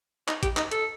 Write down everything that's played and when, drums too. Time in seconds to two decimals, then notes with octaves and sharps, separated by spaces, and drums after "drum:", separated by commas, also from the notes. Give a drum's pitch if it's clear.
0.28 D#4, drum: clap
0.43 G4, drum: kick, hi-hat
0.57 D#4, drum: clap
0.71 A4, drum: hi-hat